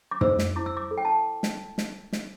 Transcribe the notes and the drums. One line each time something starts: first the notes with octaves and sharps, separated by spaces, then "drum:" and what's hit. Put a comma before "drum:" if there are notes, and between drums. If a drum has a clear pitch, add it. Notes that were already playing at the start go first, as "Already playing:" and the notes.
D6
C5 E6, drum: tom
drum: snare
E4 D6
E6
D6
A4
G5
A5
drum: snare
drum: snare
drum: snare